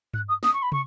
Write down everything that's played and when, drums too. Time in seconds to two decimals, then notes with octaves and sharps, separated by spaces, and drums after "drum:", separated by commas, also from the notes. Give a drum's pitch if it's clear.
0.14 F#6, drum: tom G2
0.28 D#6
0.43 D#6, drum: snare
0.53 C#6
0.62 B5
0.72 C#6, drum: tom